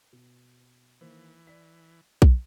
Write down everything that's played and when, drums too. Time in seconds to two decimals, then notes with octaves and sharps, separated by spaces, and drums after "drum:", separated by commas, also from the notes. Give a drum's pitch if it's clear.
0.13 B2
1.01 D#3 E3 A#3 C5
1.47 D5 B6
2.22 drum: kick B1